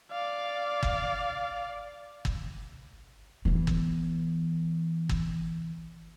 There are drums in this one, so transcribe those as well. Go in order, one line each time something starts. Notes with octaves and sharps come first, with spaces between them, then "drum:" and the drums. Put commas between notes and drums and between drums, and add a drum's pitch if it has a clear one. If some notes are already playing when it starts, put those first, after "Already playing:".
D5 F5
drum: kick
drum: kick
E3 B3
drum: kick
drum: kick